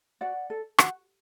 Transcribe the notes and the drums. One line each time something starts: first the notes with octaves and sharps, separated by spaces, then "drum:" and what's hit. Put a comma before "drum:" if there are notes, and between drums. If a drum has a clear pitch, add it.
F#4 D5 F#5
A4
F#4, drum: rim click